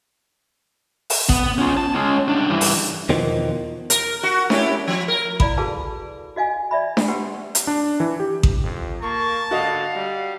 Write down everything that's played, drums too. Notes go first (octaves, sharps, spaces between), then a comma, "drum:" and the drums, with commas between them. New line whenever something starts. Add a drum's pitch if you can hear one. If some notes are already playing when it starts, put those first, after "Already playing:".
drum: open hi-hat
B3, drum: kick A1
C#4 F4
A5
G#3 C#4
C2 D4
G2 E3
drum: open hi-hat
E2 B2 D#3 F3
A#4, drum: hi-hat
F#4
C#4 E4 G4, drum: snare D4
F3
A#4
E4 D5 F5 B5, drum: kick A1
F#4 G#4 A4 B4 F5 A5
F#4 D#5 F5 G#5
D5 E5 B5
drum: snare D4
G4 B4 F#5 G5 C6
drum: hi-hat
D4
E3
G4
drum: kick A1
F2
A#3 A5 C#6
D3 F#4 D#5 F5
G3